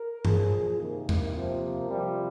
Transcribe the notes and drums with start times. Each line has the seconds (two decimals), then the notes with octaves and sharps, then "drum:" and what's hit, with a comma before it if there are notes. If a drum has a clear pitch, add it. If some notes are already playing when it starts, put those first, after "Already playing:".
Already playing: A#4
0.25 A#2 F3 G#4, drum: tom G2
0.79 C3 D#3 A#3
1.09 drum: tom E2
1.33 C3 F3
1.88 C3 F3 G3